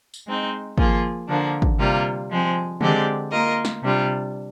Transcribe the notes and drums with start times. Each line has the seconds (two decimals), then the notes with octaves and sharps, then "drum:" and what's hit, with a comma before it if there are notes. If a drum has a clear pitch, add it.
0.14 drum: tambourine
0.27 G#3 C4 D#4
0.78 F3 A#3 F4 G#4, drum: kick
1.28 D3 F3 A#3 D4
1.62 drum: kick
1.79 C3 G3 A#3 F4
2.30 F3 G#3 C4
2.81 D3 G#3 C4 G4 D5, drum: tom
3.31 A#3 F4 A#4 D#5
3.65 drum: snare
3.83 C3 G3 D4 F4